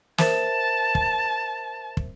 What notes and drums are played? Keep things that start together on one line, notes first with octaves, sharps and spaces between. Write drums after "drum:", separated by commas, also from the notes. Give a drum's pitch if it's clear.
A#4 C5 E5 A5, drum: snare
drum: kick
drum: kick